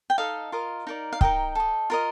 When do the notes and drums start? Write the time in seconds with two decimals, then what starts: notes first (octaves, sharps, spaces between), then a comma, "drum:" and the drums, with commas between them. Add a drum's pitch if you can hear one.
0.10 G5
0.18 D#4 A4 D#5 F5
0.52 F4 A#4 D#5
0.87 D#4 A#4 D5
1.13 F5
1.21 D#4 A#4 D#5 G5, drum: kick C#1
1.55 A4 D#5
1.90 F4 A#4 D#5